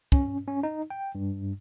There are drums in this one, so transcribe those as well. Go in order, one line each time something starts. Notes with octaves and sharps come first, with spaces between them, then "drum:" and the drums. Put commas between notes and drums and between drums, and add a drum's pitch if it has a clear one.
C#4, drum: kick
C#4
D#4
G5
G2